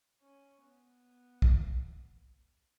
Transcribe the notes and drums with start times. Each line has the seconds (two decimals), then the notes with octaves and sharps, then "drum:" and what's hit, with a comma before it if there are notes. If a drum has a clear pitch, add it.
0.22 C#4
0.63 B3
1.42 drum: kick